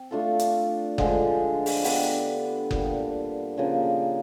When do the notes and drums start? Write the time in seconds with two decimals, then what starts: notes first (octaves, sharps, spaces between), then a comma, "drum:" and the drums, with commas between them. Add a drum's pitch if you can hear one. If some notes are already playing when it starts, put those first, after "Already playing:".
Already playing: C4
0.11 A3 D4 F4 A4
0.39 drum: hi-hat
0.98 D3 F3 G#3, drum: kick F#1
1.66 drum: open hi-hat
1.84 B3 D4 G4, drum: open hi-hat
2.71 A#2 G3 B3, drum: kick F#1
3.58 C#3 F3 A#3 D4